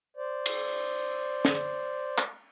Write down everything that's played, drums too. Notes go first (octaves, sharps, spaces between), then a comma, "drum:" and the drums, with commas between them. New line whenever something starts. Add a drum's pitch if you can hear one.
C5 D5
drum: cymbal
drum: snare
drum: clap